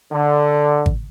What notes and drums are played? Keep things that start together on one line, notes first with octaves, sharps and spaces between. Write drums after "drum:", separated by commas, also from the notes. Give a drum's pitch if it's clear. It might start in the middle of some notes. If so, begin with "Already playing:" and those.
D3
drum: kick G#1